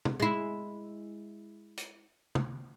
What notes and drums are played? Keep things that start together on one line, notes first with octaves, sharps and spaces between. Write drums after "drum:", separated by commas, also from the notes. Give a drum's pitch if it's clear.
drum: tom
G#3 E4
drum: hi-hat
drum: tom